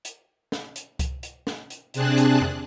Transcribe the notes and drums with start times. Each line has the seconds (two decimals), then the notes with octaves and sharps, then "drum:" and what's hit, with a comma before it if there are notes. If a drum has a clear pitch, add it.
0.05 drum: hi-hat
0.52 drum: snare
0.76 drum: hi-hat
0.99 drum: kick C2, hi-hat
1.23 drum: hi-hat
1.47 drum: snare
1.70 drum: hi-hat
1.94 C3 C4 D4 G#4 A5 F#6, drum: hi-hat
2.18 drum: hi-hat
2.41 drum: tom E2